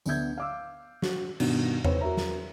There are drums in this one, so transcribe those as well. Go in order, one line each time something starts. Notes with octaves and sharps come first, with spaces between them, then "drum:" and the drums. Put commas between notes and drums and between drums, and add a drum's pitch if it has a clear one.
D2 D3 B3 E5 G6 G#6, drum: tambourine
F5 D6 E6
F#4, drum: snare
G2 B2 D#3, drum: cymbal
C4 B4 C#5, drum: tom E2
F#4 A#4 E5 A#5
drum: snare